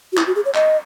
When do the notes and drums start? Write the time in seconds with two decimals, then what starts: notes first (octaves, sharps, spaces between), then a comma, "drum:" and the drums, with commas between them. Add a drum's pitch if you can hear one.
0.12 F#4
0.17 E4, drum: clap
0.27 F#4
0.36 G#4
0.45 C#5
0.54 D#5, drum: clap